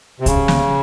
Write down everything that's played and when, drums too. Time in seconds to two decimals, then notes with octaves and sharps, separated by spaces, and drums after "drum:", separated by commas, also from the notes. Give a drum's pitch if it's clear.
0.20 C3
0.26 C#3, drum: kick C2, hi-hat
0.48 drum: snare